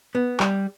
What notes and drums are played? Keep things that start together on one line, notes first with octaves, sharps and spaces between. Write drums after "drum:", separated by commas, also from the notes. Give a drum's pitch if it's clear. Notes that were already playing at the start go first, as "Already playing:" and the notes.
B3
G3, drum: clap